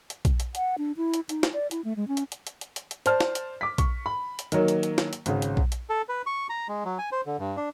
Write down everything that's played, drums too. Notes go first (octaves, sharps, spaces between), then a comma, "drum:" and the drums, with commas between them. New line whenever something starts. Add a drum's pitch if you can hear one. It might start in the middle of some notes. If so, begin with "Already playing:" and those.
drum: hi-hat
drum: kick A#1, hi-hat
drum: hi-hat
F#5, drum: hi-hat
D4
E4
drum: hi-hat
D#4, drum: hi-hat
drum: snare
D5
E4, drum: hi-hat
A3
G#3
C#4
drum: hi-hat
drum: hi-hat
drum: hi-hat
drum: hi-hat
drum: hi-hat
drum: hi-hat
C5 D5 A5 F6, drum: hi-hat
drum: snare
drum: hi-hat
D6 B6
C#6, drum: kick A#1, hi-hat
B5
drum: hi-hat
D#3 F#3 A#3, drum: hi-hat
drum: hi-hat
drum: hi-hat
drum: snare
drum: hi-hat
G#1 C#3, drum: hi-hat
drum: hi-hat
drum: kick A#1
drum: hi-hat
A4
B4
C#6
A#5
G#3
F#3
G#5
C5
D3
G2
D4